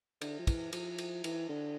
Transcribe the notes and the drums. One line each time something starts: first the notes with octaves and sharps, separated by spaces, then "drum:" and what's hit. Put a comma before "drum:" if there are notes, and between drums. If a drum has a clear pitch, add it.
D3, drum: cymbal
F3
E3, drum: kick, cymbal
F3, drum: cymbal
drum: cymbal
E3, drum: cymbal
D3